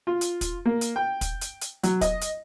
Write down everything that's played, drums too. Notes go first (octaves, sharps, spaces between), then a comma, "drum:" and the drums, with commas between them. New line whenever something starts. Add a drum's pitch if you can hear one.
F4
drum: hi-hat
drum: kick, hi-hat
A#3
drum: hi-hat
G5
drum: kick, hi-hat
drum: hi-hat
drum: hi-hat
F#3, drum: hi-hat
D#5, drum: kick, hi-hat
drum: hi-hat